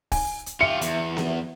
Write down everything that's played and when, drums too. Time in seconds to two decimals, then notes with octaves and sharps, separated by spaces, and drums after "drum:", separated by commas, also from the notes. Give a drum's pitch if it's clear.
0.12 G#5, drum: kick, open hi-hat
0.46 drum: hi-hat
0.61 F4 G4 E5 C#7
0.81 E2, drum: hi-hat
1.17 drum: snare B3